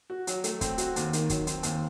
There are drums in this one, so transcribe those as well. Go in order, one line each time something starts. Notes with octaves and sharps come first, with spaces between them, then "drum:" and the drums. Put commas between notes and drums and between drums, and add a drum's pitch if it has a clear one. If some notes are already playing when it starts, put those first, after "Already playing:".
F#4
F#3, drum: hi-hat
A3, drum: hi-hat
C4, drum: kick, hi-hat
F#4, drum: hi-hat
D#2, drum: hi-hat
D#3, drum: hi-hat
F#3, drum: kick, hi-hat
C4, drum: hi-hat
D#2, drum: hi-hat